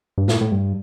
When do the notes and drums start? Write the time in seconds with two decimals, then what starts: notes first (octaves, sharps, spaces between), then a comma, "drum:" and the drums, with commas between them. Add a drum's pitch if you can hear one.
0.18 G2
0.28 A2, drum: snare
0.41 A2
0.52 G2